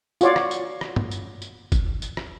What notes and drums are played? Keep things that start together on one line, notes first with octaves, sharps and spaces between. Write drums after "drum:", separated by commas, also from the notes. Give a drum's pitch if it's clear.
F4 F#4 C#5 D5, drum: tambourine
drum: rim click
drum: tambourine
drum: rim click
drum: tom
drum: tambourine
drum: tambourine
drum: kick, tambourine
drum: tambourine
drum: rim click